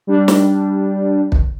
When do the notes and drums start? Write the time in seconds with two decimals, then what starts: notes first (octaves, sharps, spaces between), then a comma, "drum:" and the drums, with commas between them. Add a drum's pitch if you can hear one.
0.07 G3 D4
0.28 drum: snare
1.32 drum: kick